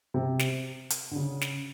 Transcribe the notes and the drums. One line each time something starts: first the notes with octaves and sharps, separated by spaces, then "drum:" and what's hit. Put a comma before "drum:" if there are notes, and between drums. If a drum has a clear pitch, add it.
C3
drum: snare
drum: hi-hat
D3
C#3
drum: snare